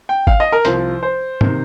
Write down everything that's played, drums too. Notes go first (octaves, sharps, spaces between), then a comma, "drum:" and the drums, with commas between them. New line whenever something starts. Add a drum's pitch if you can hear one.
G5
F5, drum: kick G#1
D#5
A#4
C2 C3 F3 C5, drum: hi-hat
C5
C3 D#3, drum: tom